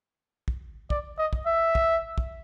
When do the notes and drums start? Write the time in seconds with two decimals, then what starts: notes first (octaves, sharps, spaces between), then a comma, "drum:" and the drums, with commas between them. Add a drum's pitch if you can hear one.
0.48 drum: kick
0.90 D5, drum: kick
1.18 D#5
1.33 drum: kick
1.47 E5
1.75 drum: kick
2.18 drum: kick